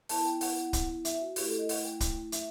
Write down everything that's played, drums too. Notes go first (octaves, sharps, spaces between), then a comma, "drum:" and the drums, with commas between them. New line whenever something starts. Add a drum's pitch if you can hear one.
B3 E4 A5, drum: open hi-hat
G5
F#5, drum: open hi-hat
drum: kick, hi-hat
E5, drum: hi-hat
F#4
A3 E4 G4, drum: open hi-hat
A4
D#5
F#5, drum: open hi-hat
G5
drum: kick, hi-hat
E5, drum: hi-hat